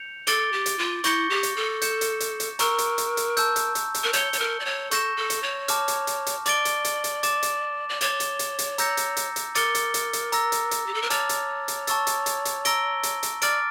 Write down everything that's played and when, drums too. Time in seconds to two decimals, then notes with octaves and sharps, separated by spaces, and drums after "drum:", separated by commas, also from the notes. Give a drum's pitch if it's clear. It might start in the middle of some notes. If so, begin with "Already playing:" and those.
Already playing: G6 C#7 F7
0.27 A4 D6 A6 D7 G7, drum: hi-hat
0.53 G4
0.66 drum: hi-hat
0.79 F4
1.04 E4 C#6 G6 A#6 C#7 G7, drum: hi-hat
1.30 G4
1.43 drum: hi-hat
1.56 A4
1.82 G6 C#7 E7, drum: hi-hat
2.01 drum: hi-hat
2.20 drum: hi-hat
2.40 drum: hi-hat
2.59 A#4 A#5 C#6 E6, drum: hi-hat
2.78 drum: hi-hat
2.98 drum: hi-hat
3.17 drum: hi-hat
3.37 A5 E6 G6, drum: hi-hat
3.56 drum: hi-hat
3.75 drum: hi-hat
3.94 drum: hi-hat
4.03 A#4
4.13 C#5 G6 C#7 G7, drum: hi-hat
4.33 C#5, drum: hi-hat
4.39 A#4
4.60 D5
4.65 C#5
4.91 A4 C#6 G6 A#6 E7, drum: hi-hat
5.17 A4
5.30 drum: hi-hat
5.43 C#5
5.68 A5 D6 F6, drum: hi-hat
5.88 drum: hi-hat
6.07 drum: hi-hat
6.27 drum: hi-hat
6.46 D5 D6 A6 D7 G7, drum: hi-hat
6.65 drum: hi-hat
6.85 drum: hi-hat
7.04 drum: hi-hat
7.23 D6 A6 E7, drum: hi-hat
7.43 drum: hi-hat
7.89 D5
8.01 C#5 D6 A6 E7 G7, drum: hi-hat
8.20 drum: hi-hat
8.39 drum: hi-hat
8.59 drum: hi-hat
8.78 A#5 E6 G6 A#6 C#7, drum: hi-hat
8.97 drum: hi-hat
9.17 drum: hi-hat
9.36 drum: hi-hat
9.55 A#4 D6 A6 C#7 G7, drum: hi-hat
9.75 drum: hi-hat
9.94 drum: hi-hat
10.13 drum: hi-hat
10.32 A#5 E6 A#6, drum: hi-hat
10.52 drum: hi-hat
10.71 drum: hi-hat
10.86 G4
10.94 A4
11.02 A#4
11.10 C#5 A5 D6 F6 A6, drum: hi-hat
11.29 drum: hi-hat
11.68 drum: hi-hat
11.87 A5 C#6 E6 A6, drum: hi-hat
12.07 drum: hi-hat
12.26 drum: hi-hat
12.45 drum: hi-hat
12.65 A#5 E6 A#6 D7 G7, drum: hi-hat
13.03 drum: hi-hat
13.23 drum: hi-hat
13.42 D5 D6 F6 A6 D7, drum: hi-hat